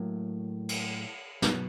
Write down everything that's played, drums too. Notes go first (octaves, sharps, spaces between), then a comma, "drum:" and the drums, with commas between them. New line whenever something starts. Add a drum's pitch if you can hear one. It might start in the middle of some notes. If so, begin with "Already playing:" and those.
Already playing: A2 F#3 A#3
drum: cymbal
B2 F#3 B3, drum: snare